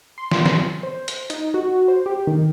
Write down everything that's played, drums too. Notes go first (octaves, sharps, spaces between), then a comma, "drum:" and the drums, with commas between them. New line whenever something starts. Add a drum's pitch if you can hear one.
C6
drum: snare
drum: snare
C5
drum: hi-hat
D#4, drum: hi-hat
F#4
C5
G4
D#3